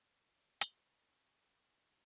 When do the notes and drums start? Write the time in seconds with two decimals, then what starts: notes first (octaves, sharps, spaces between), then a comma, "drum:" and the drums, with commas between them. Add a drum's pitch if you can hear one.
0.61 C4 D#4 G#5 B5 C#6, drum: hi-hat